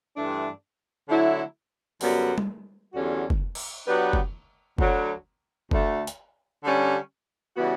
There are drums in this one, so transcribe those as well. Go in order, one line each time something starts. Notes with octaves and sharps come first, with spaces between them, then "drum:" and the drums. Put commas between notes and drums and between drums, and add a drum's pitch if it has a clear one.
G2 E3 A3 D4
D3 F#3 A3 E4
F#2 D3 G3 B3 F#4, drum: open hi-hat
drum: tom G3
E2 D3 G3 C#4 F#4
drum: kick
drum: cymbal
F#3 B3 D4 G4 B4
drum: kick
D2 D3 F#3, drum: kick
D2 D3 A3, drum: kick
drum: hi-hat
D3 G3 C#4
C#3 E3 G3 B3 F#4